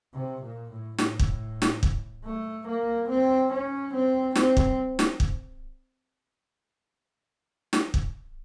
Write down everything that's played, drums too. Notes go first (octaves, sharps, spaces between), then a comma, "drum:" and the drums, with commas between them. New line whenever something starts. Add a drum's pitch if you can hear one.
C3
A#2
A2
A2, drum: snare
drum: kick
drum: snare
drum: kick
A3
A#3
C4
C#4
C4
C4, drum: snare
drum: kick
drum: snare
drum: kick
drum: snare
drum: kick